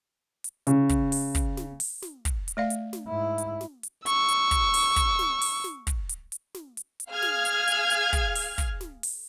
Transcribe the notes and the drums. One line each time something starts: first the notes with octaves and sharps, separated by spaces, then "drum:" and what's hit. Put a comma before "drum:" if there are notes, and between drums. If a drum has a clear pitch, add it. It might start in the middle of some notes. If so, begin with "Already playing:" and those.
drum: hi-hat
C#3, drum: hi-hat
drum: kick, hi-hat
drum: open hi-hat
drum: kick, hi-hat
drum: snare
drum: open hi-hat
drum: snare
drum: kick, hi-hat
drum: hi-hat
A3 D5 F5
drum: hi-hat
drum: snare
G#2 E4
drum: hi-hat
drum: snare
drum: hi-hat
C#6 E6, drum: hi-hat
drum: hi-hat
drum: kick, hi-hat
drum: open hi-hat
drum: kick, hi-hat
drum: snare
drum: open hi-hat
drum: snare
drum: kick, hi-hat
drum: hi-hat
drum: hi-hat
drum: snare
drum: hi-hat
drum: hi-hat
G#4 F5 F6 G#6
drum: snare
drum: hi-hat
drum: hi-hat
drum: hi-hat
drum: kick, hi-hat
drum: open hi-hat
drum: kick, hi-hat
drum: snare
drum: open hi-hat